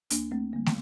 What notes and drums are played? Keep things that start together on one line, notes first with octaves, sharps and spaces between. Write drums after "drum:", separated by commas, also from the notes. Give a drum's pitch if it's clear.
D2 A#3 D4, drum: hi-hat
A3 C4
D3 G3 A#3
drum: snare